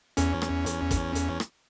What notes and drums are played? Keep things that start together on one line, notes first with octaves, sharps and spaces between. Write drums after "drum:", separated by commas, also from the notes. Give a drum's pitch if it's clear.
E2 C#4, drum: hi-hat
drum: rim click
drum: hi-hat
drum: kick, hi-hat
drum: hi-hat
drum: rim click